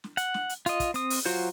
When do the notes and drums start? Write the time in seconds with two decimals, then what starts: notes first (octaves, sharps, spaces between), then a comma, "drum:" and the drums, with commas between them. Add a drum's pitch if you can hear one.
0.04 drum: snare
0.17 F#5, drum: hi-hat
0.34 drum: snare
0.49 drum: hi-hat
0.66 F4 D#5, drum: hi-hat
0.80 drum: kick, hi-hat
0.94 C4 D#6, drum: hi-hat
1.10 drum: open hi-hat
1.25 F#3 F4 F#4 C5